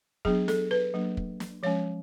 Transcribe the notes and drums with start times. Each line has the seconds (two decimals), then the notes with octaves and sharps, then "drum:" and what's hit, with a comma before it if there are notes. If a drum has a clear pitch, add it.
0.25 F#3 B3 D4 G#4, drum: kick
0.48 A4, drum: snare
0.71 B4
0.94 F#3 A#3 D4
1.17 drum: kick
1.40 drum: snare
1.63 F3 G#3 C#4 C#5